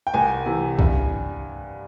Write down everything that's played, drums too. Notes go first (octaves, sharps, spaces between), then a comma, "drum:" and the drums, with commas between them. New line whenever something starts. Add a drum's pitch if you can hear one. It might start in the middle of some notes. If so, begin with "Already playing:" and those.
G5
C2 G#5
C3 E3
G2, drum: kick B1